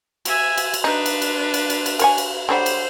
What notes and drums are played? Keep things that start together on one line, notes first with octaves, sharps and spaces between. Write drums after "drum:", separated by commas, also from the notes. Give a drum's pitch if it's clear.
E5 G#5, drum: cymbal
drum: cymbal
drum: cymbal
D4 D#4 B4
drum: cymbal
drum: cymbal
drum: cymbal
drum: cymbal
drum: cymbal
A#4 C#5 G#5, drum: cymbal
drum: cymbal
D3 F#3 G3 C5
drum: cymbal